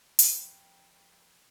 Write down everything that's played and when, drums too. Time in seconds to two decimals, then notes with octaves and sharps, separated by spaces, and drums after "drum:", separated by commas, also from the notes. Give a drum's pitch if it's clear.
0.19 F2 A3 B3 C5 G5, drum: hi-hat